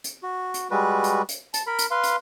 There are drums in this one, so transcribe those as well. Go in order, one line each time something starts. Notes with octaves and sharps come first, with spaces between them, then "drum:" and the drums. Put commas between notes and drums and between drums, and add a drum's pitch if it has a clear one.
drum: hi-hat
F#4
drum: hi-hat
G3 G#3 F#4 B4
drum: hi-hat
drum: hi-hat
A5, drum: hi-hat
A#4 B5
drum: hi-hat
B4 F5 C6
drum: hi-hat